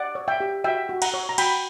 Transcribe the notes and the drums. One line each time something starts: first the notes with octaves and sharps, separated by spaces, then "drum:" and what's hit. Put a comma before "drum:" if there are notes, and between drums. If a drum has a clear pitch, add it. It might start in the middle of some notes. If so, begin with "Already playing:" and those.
Already playing: D5 F#5
C#5
E5 G5
G4
F#4 E5 G5
F#4
F#5 A#5, drum: cymbal
C#5
A#5
F#4 G5 B5, drum: cymbal